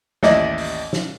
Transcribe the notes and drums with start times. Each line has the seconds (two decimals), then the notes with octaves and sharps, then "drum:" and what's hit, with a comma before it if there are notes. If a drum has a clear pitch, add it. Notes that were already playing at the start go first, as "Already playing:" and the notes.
0.23 A1 D#2 E4 D5 D#5, drum: snare
0.58 drum: open hi-hat
0.93 drum: snare